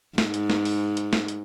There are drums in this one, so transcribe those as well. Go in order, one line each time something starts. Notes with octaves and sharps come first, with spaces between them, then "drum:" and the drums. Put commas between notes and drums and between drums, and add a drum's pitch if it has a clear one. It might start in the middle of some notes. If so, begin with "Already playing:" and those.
G#2, drum: snare
drum: hi-hat
drum: snare
drum: open hi-hat
drum: hi-hat
drum: snare
drum: hi-hat